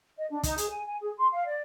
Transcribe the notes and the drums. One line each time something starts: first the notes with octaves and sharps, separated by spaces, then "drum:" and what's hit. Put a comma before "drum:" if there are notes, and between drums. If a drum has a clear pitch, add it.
D#5
D4
D#4, drum: kick, hi-hat
G#4, drum: hi-hat
G#5
G#5
G#4
C6
F5
D5